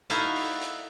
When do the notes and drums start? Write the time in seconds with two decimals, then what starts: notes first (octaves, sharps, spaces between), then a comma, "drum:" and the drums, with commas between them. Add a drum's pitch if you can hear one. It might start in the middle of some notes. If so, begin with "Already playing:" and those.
0.10 D#4 E4 F#4 A4 E5 F5, drum: hi-hat
0.35 drum: open hi-hat
0.61 drum: hi-hat